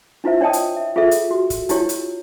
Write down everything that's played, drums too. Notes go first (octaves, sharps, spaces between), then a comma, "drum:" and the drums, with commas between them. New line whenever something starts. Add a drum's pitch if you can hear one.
D4 E4 F4 C5 E5
D4 C#5 D#5 G5 A5 D#6
drum: hi-hat
E5
F4 G#4 A4 E5
drum: hi-hat
F#4
drum: kick, hi-hat
D4 E4 F4 G4 C#5, drum: hi-hat
drum: hi-hat